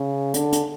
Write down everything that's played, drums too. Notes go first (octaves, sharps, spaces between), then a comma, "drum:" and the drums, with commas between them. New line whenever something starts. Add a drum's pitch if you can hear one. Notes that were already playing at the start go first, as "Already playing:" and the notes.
Already playing: C#3
D3, drum: hi-hat
drum: hi-hat